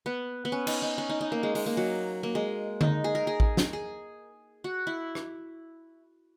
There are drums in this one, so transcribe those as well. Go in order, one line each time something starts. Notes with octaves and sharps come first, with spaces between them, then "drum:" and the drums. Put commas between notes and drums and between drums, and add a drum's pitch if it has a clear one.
B3
B3
C#4
D#4, drum: cymbal
D#4
C#4
D#4
D#4
A#3
G#3
G#3, drum: open hi-hat
A#3
F#3
A#3
G#3
D#4, drum: tom D3
G#4
A#4
G#4
drum: kick A1
drum: snare
G#4
F#4
E4
drum: rim click